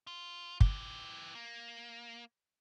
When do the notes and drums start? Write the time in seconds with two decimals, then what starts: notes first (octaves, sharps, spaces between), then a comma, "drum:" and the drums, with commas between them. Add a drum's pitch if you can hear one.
0.07 F4
0.61 E3 G4, drum: kick
1.35 A#3